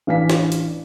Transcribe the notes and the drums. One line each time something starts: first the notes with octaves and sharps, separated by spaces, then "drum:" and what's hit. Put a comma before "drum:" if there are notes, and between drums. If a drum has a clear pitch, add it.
A1 D4 F5 G#5 B6
drum: snare
drum: hi-hat